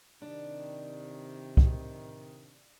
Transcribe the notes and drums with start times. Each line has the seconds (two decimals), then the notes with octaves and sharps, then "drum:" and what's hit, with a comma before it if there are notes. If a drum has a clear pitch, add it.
0.22 C3 D#3 D4
1.57 drum: kick C2